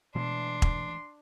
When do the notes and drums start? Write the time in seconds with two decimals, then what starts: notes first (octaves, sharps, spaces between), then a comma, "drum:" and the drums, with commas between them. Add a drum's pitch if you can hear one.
0.15 B2 E3 G#3 A3 D4 C6
0.62 drum: kick E1